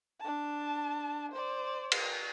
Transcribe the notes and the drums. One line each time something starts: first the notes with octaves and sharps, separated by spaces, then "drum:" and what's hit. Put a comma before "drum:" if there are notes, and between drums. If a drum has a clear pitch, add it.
D4 A5
C5 D5
drum: cymbal